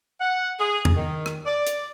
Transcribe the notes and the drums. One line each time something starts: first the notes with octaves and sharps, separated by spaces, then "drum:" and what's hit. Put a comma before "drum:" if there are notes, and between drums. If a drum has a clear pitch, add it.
F#5
G#4
drum: tom E2
D#3
drum: rim click
D5
drum: hi-hat